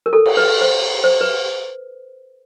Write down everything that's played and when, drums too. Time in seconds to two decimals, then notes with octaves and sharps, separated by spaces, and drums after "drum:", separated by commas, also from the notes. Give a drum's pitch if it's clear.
0.06 A#4
0.13 A4
0.26 drum: cymbal
0.37 B4
0.61 C5
1.04 C5
1.21 B4